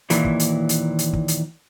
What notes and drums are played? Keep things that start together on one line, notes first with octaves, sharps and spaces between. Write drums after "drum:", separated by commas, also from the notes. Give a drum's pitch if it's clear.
D#2 A#2 E3, drum: hi-hat
drum: kick
drum: hi-hat
drum: hi-hat
drum: hi-hat
drum: kick
drum: hi-hat